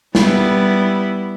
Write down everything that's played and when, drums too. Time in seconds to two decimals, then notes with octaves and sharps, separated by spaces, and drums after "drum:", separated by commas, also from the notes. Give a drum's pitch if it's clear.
0.15 G3 B3 E4, drum: snare